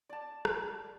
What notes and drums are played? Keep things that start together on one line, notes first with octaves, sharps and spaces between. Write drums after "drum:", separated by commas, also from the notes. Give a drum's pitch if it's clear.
D5 A5
drum: rim click